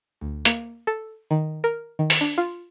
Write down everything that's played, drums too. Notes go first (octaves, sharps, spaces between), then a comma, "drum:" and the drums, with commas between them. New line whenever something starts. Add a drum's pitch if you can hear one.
D2
A#3, drum: hi-hat
A4
D#3
A#4
D#3
drum: open hi-hat
D4
F4